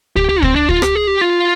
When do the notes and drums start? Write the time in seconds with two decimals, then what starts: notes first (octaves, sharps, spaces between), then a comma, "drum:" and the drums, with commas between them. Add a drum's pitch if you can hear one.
0.16 G4, drum: kick
0.29 G4
0.43 C4, drum: kick
0.55 D4
0.69 F4, drum: kick
0.82 G4, drum: rim click
0.95 G#4
1.07 G4
1.21 F4